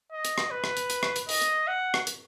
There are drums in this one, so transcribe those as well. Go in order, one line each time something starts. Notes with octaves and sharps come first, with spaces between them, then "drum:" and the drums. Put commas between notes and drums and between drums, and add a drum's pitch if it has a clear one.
D#5
drum: hi-hat
drum: rim click
B4
drum: rim click
drum: hi-hat
drum: hi-hat
drum: rim click
drum: hi-hat
D#5, drum: open hi-hat
drum: hi-hat
F#5
drum: rim click
drum: hi-hat